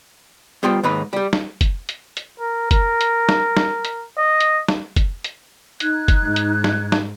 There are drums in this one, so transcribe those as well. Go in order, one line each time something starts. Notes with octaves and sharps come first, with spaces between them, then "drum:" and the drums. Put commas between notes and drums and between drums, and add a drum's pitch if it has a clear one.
G3 B3 F4 C5 G5
D#2 G#2 D#4 B4 B5
G3 G4
drum: snare
drum: kick, hi-hat
drum: hi-hat
drum: hi-hat
A#4
A#4, drum: kick, hi-hat
drum: hi-hat
drum: snare
drum: snare
drum: hi-hat
D#5
drum: hi-hat
drum: snare
drum: kick, hi-hat
drum: hi-hat
D#4 F#6 G#6, drum: hi-hat
drum: kick, hi-hat
G#2
drum: hi-hat
drum: snare
drum: snare